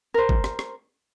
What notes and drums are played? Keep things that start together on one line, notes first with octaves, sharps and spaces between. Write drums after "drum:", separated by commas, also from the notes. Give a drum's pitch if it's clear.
A#4 C5
drum: kick G1
drum: rim click
drum: rim click